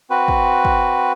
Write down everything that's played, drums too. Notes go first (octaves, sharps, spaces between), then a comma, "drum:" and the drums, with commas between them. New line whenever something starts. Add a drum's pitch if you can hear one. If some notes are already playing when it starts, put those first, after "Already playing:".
C4 F#4 B4
drum: kick
drum: kick